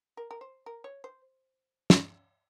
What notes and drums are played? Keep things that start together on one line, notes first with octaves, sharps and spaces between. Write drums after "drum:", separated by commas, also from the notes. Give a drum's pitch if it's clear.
A#4
A#4
C5
A#4
C#5
C5
drum: snare